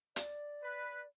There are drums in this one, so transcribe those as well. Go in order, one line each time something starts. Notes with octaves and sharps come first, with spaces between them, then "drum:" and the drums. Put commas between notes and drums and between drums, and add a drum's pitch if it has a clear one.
D5, drum: hi-hat
B4